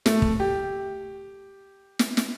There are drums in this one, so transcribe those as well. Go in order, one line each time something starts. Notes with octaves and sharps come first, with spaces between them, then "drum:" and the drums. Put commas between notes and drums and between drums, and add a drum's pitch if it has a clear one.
A3, drum: snare
drum: kick
G4
drum: snare
drum: snare